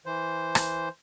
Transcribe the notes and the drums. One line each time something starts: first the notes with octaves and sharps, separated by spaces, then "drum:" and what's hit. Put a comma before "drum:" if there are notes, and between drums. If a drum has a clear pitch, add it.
E3 C5
drum: rim click